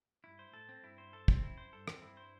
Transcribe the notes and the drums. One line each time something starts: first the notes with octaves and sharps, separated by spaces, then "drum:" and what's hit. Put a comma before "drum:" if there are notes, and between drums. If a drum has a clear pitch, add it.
G2 E4
C5
A2 A4
C4
G2 E4
C5
A4
C4, drum: kick
F#2 E4
C5
G2 A4
C4, drum: rim click
G2 E4
C5